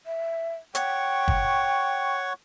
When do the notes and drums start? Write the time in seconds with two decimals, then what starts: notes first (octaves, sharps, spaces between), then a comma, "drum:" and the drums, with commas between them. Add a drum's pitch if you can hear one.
0.06 E5
0.75 C#5 F#5 G5 C#6, drum: hi-hat
1.28 drum: kick